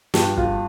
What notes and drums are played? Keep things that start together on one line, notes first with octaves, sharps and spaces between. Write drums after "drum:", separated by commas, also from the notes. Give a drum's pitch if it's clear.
G2 F3 G4, drum: snare
F4, drum: kick